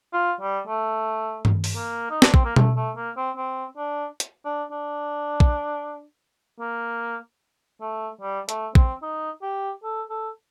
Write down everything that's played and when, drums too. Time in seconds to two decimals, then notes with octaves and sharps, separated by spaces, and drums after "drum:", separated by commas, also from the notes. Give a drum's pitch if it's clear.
0.14 F4
0.41 G3
0.68 A3
1.45 drum: tom G2
1.64 drum: open hi-hat
1.75 A#3
2.11 D#4
2.22 D4, drum: snare
2.34 C4, drum: kick
2.45 A#3
2.56 A3, drum: tom B2
2.77 A3
2.97 A#3
3.17 C4
3.37 C4
3.78 D4
4.20 drum: hi-hat
4.45 D4
4.72 D4
5.40 drum: kick
6.60 A#3
7.81 A3
8.22 G3
8.49 A3, drum: hi-hat
8.75 C4, drum: kick
9.03 D#4
9.43 G4
9.84 A4
10.10 A4